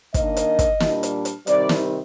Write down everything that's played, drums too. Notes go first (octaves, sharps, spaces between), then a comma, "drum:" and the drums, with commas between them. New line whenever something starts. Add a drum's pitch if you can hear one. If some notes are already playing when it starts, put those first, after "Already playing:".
D#3 A#3 D4 D#5, drum: kick, hi-hat
drum: hi-hat
drum: kick, hi-hat
A#2 G3 D4, drum: snare
drum: hi-hat
drum: hi-hat
C3 D#3 G3 D5, drum: hi-hat
drum: snare